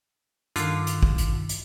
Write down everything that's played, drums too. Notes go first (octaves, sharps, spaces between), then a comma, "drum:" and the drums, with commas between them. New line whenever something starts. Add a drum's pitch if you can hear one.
G2 D3 D#3 F4, drum: hi-hat
drum: hi-hat
drum: kick
drum: hi-hat
drum: hi-hat